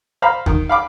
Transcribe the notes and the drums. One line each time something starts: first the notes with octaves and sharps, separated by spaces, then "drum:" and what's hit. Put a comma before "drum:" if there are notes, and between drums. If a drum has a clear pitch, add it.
C5 F5 A#5 B5
D#3, drum: kick D#2
F5 B5 D6